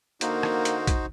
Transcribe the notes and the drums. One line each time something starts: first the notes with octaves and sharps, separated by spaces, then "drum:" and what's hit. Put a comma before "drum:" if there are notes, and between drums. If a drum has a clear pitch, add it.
D3 A#3 D#4 F#4 C5, drum: hi-hat
drum: rim click
drum: hi-hat
drum: kick A#1, hi-hat